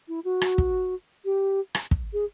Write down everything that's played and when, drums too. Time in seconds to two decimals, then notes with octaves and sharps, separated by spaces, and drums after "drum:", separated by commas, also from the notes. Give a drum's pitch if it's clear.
0.08 E4
0.25 F#4
0.41 drum: rim click
0.58 drum: kick
1.25 G4
1.75 drum: rim click
1.91 drum: kick
2.13 G#4